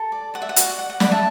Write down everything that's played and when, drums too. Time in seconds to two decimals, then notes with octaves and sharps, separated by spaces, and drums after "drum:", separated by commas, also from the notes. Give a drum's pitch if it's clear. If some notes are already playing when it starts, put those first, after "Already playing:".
Already playing: A4
0.12 D5
0.34 D5 F#5
0.42 E5
0.49 F#5
0.56 F#4, drum: hi-hat
0.78 D5 F#5
0.90 F#5
1.00 D5 F#5 B5, drum: snare
1.11 E5 A5